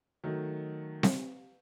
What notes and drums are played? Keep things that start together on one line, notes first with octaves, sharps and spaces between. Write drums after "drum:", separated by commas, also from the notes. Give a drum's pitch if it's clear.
D#3 F#3 A3
drum: snare C4